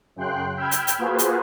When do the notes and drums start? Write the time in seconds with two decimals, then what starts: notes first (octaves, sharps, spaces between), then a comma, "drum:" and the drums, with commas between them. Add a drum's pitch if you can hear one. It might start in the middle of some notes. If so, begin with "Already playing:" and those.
0.16 F#2 C#3 G5 C6 F#6
0.56 G5 B5 E6 F6 G6 G#6
0.71 drum: hi-hat
0.87 drum: hi-hat
0.98 A#3 F4 F#4 G#4 B4 C5
1.19 drum: hi-hat